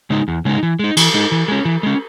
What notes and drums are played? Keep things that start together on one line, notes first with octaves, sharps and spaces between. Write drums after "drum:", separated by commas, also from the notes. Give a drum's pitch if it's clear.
C#3 G#3 D#4
E2
C#3 G#3 D#4
E3
G#3 D#4
E3, drum: cymbal
G#3 D#4
E3
G#3 C#4
E3
G#3 C#4